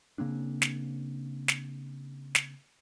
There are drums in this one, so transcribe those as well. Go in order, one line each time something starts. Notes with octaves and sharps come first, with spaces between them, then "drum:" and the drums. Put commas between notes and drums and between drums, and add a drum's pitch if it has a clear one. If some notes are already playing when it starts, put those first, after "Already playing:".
C#3 A#3 C4 D4
drum: snare
drum: snare
drum: snare